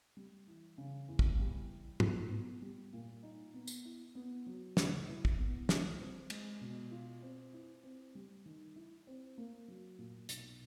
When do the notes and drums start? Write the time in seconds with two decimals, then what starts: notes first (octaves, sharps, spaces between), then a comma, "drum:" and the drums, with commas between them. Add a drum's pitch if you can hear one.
0.17 G3
0.47 E3
0.78 C#3
1.08 E2
1.19 drum: kick
1.39 G3
1.70 E3
2.00 D#4, drum: tom
2.31 B3
2.62 G3
2.93 A#2
3.23 D#4
3.54 B3
3.67 drum: tambourine
3.85 E4
4.15 B3
4.46 F#3
4.77 C#3, drum: snare
5.07 E4
5.25 drum: kick
5.38 B3
5.69 F4, drum: snare
6.00 C4
6.30 G#3, drum: cymbal
6.61 B2
6.91 F4
7.22 C4
7.53 E4
7.84 C4
8.15 G3
8.46 D#3
8.76 E4
9.07 C4
9.38 A#3
9.68 F#3
9.98 A#2
10.29 B1, drum: hi-hat